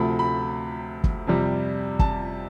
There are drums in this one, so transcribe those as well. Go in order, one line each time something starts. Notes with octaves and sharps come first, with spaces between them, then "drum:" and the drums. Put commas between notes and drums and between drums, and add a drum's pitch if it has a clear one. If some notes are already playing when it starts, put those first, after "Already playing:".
Already playing: D2 C3 F3 A3 B5
B5
drum: kick
F2 C3 G3
A5, drum: kick